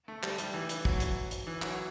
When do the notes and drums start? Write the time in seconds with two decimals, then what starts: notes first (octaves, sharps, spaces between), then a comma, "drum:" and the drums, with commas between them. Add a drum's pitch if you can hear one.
0.08 A3
0.23 G3, drum: clap
0.38 G3, drum: hi-hat
0.54 E3
0.69 drum: hi-hat
0.85 F#3, drum: kick
1.00 drum: hi-hat
1.31 drum: hi-hat
1.47 E3
1.62 F#3, drum: clap